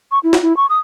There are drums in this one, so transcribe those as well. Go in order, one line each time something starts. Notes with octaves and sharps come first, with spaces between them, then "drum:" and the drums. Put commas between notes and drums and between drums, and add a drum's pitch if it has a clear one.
C#6
E4
drum: snare
E4
C#6
D#6